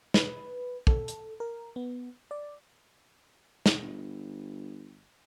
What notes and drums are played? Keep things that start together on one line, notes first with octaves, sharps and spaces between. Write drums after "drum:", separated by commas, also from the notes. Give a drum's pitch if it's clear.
B4, drum: snare
A4, drum: kick
drum: hi-hat
A#4
B3
D5
drum: snare
G1